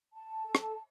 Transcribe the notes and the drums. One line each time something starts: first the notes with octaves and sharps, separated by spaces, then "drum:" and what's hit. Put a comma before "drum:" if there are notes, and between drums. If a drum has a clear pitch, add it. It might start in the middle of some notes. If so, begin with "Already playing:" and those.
A5
A4
drum: rim click